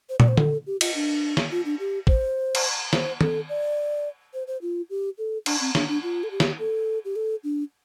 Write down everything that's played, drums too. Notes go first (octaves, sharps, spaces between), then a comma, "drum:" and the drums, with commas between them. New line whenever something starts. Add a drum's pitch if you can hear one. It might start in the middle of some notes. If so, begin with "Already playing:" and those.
C5
D5, drum: tom
C5
A4, drum: tom D3
G4
F4, drum: cymbal
D4
drum: snare
F4
D4
G4
C5, drum: kick
drum: cymbal
C5, drum: snare
A4, drum: tom D#3
D5
C5
C5
F4
G4
A4
D4, drum: cymbal
C4
D4, drum: snare
D4
F4
A4
G4
drum: snare
A4
G4
A4
D4